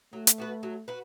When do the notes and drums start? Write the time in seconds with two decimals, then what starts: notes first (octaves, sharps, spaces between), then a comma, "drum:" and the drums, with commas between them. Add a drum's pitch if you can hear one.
0.13 F#3 A3
0.27 drum: hi-hat
0.38 B3 F#4 B4
0.63 F#3
0.88 F#4 B4